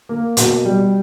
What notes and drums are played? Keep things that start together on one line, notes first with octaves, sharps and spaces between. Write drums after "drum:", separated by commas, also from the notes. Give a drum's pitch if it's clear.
A#3
B2, drum: hi-hat
G3